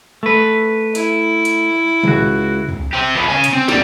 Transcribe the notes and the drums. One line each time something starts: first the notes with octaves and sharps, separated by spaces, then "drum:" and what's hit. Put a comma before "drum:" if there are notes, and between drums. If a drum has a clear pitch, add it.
A3 B4
E4, drum: hi-hat
drum: hi-hat
C#2 F#4, drum: tom
drum: tom
C4 G4
F3 B3
C#3 G#5
drum: hi-hat
C4
D2 G3, drum: snare